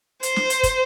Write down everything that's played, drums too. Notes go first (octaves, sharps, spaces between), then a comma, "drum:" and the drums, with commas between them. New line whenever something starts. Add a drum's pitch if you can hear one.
C5, drum: hi-hat
drum: snare
drum: hi-hat
drum: kick, hi-hat